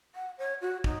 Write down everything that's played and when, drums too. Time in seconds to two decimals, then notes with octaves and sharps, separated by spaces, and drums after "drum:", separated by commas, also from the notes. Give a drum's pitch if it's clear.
0.15 F#5
0.38 C#5
0.61 F#4
0.84 D#4, drum: kick